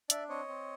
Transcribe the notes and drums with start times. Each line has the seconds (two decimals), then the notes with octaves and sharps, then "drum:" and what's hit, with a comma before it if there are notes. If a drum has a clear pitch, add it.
0.10 D4 D5 E5, drum: hi-hat
0.29 C4 C#5 D#5
0.48 C4